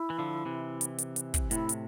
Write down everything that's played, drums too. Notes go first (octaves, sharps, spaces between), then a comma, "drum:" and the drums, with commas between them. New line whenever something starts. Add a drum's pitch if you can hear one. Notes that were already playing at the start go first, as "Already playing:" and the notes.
Already playing: E4
E3
D3 F3
C3 E3
drum: hi-hat
drum: hi-hat
drum: hi-hat
drum: kick, hi-hat
A2 C3 E4, drum: hi-hat
drum: hi-hat